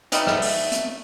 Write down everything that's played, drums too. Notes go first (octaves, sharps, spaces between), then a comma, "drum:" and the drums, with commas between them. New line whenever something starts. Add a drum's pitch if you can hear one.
G3 A3 B3 D#4, drum: hi-hat
drum: rim click
drum: open hi-hat
drum: hi-hat